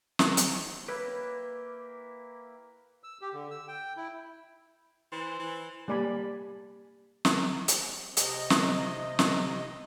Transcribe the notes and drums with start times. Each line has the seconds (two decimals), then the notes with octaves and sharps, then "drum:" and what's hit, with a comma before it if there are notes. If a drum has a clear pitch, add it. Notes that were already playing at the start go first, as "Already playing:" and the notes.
0.19 drum: snare
0.37 drum: hi-hat
0.88 A#3 E4 G4 B4
3.04 E6
3.21 G4
3.33 D3
3.51 E6
3.68 G5
3.97 E4
5.12 E3 C5
5.39 E3
5.88 G3 A#3 D5 G#5 B5
7.25 drum: snare
7.68 drum: hi-hat
8.17 C3 D#5, drum: hi-hat
8.50 drum: snare
9.19 drum: snare